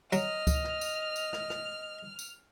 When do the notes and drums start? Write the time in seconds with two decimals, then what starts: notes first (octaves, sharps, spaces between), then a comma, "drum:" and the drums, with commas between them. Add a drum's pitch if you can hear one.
0.13 F#3 D#5 F6, drum: tambourine
0.47 drum: kick C#2, tambourine
0.64 drum: rim click
0.81 drum: tambourine
1.16 drum: tambourine
1.33 drum: rim click
1.50 drum: rim click
2.19 drum: tambourine